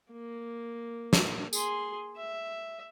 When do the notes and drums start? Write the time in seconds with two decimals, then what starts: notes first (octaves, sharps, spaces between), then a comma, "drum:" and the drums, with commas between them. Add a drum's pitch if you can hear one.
0.13 A#3
1.13 drum: snare
1.53 G#4 C6, drum: tambourine
2.17 E5